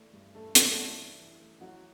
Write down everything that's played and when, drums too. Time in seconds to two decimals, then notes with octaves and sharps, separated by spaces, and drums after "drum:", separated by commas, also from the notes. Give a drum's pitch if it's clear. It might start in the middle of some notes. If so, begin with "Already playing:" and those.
Already playing: E3 A3 D4
0.13 G2
0.35 G2 A3 A4
0.55 D4, drum: hi-hat
0.66 A3 A4
0.77 E3
0.98 A3
1.19 E3
1.40 A3
1.61 E3 F#3 F#4